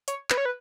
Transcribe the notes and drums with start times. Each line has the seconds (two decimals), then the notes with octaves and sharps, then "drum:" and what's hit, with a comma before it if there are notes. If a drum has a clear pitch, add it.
0.08 C#5, drum: hi-hat
0.30 B4, drum: clap
0.37 C#5
0.45 B4